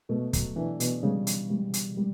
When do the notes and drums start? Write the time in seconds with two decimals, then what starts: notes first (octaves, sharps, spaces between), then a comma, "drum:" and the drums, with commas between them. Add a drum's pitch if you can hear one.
0.09 B2 A3
0.33 F#3, drum: kick, hi-hat
0.56 E3 D4
0.80 B2, drum: hi-hat
1.03 C#3 G3
1.27 drum: hi-hat
1.50 G3
1.74 drum: hi-hat
1.97 G3